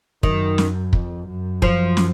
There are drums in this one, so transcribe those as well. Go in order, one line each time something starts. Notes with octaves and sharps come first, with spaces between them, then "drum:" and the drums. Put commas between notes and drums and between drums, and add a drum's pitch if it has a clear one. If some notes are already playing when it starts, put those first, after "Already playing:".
F#2 D#3, drum: kick
drum: snare
F2, drum: kick
F#2
F3, drum: kick
drum: snare